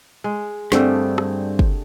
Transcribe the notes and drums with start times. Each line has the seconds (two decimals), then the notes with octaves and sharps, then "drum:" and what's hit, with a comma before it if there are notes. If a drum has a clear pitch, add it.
0.24 G#3
0.72 G2 D3 G3 A3 C4 D4 G#4 A4, drum: snare
1.18 drum: rim click
1.59 drum: kick